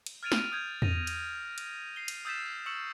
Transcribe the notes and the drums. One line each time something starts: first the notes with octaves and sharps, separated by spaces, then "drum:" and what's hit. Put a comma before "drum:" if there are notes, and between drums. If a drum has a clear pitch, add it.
drum: cymbal
F6 G#6 A6 D7 D#7 F7
drum: snare
D#6 G6 G#6
A#6 D#7 F7, drum: tom E2
drum: cymbal
drum: cymbal
C7 G7
drum: cymbal
D#6 E6 G6 A6 B6 E7
C#6 E6 C#7 E7 F#7